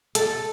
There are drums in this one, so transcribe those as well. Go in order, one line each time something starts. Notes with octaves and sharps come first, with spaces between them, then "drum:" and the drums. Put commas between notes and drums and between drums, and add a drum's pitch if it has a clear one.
A4, drum: hi-hat